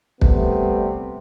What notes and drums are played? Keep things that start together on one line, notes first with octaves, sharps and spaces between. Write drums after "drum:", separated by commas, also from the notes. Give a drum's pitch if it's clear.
C3 G3 A3 B3, drum: kick